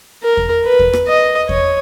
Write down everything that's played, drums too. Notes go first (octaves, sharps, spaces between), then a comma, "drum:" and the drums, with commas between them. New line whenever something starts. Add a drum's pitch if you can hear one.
A#4
drum: kick E2
B4
drum: kick E2
drum: rim click
D#5
C#5, drum: kick E2